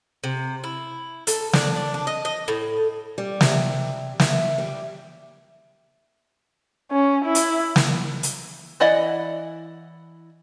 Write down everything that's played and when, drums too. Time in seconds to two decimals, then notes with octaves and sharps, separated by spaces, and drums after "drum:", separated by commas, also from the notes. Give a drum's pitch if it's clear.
0.24 C3
0.64 E4
1.27 A4, drum: hi-hat
1.53 D4, drum: snare
1.76 D4
1.94 D4
2.07 D#5
2.25 D#5
2.48 A2
3.18 G3
3.41 C3, drum: snare
4.20 E5, drum: snare
4.58 G3
6.91 C#4
7.25 E4
7.35 drum: hi-hat
7.76 drum: snare
8.23 drum: hi-hat
8.80 E3 E4 D5 D#5 F#5